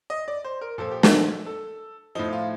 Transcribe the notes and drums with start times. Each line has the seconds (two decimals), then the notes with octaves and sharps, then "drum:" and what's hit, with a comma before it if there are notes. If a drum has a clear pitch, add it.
0.10 D#5
0.28 D5
0.45 C5
0.61 A#4
0.78 A#2 F3 A4
0.91 G4
1.03 A4, drum: snare
1.46 A4
2.15 A2 F3 D#4
2.33 F4